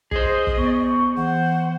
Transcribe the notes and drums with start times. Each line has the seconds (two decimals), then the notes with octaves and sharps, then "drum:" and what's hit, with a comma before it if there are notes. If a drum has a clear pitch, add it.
0.11 G#4 C5 D#5, drum: kick
0.47 drum: kick
0.58 B3 C#6
1.17 E3 C5 F#5